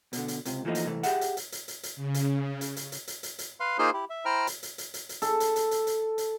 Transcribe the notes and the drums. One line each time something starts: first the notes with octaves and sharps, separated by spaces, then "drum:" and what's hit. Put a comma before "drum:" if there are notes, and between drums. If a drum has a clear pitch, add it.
B2 D3, drum: hi-hat
drum: hi-hat
C#2 C3, drum: hi-hat
E3 F3 A3 A#3 D#4
drum: hi-hat
C2 E3 A3
G4 G#4 E5 F#5, drum: hi-hat
drum: hi-hat
drum: hi-hat
drum: hi-hat
drum: hi-hat
drum: hi-hat
C#3
drum: hi-hat
drum: hi-hat
drum: hi-hat
drum: hi-hat
drum: hi-hat
drum: hi-hat
drum: hi-hat
B4 F5 C6
A#3 D#4 F4 G#4 C5 C6
E4 G4
E5
E4 C5 G5 A#5 F6
drum: hi-hat
drum: hi-hat
drum: hi-hat
drum: hi-hat
drum: hi-hat
A4, drum: hi-hat
drum: hi-hat
drum: hi-hat
drum: hi-hat
drum: hi-hat
drum: hi-hat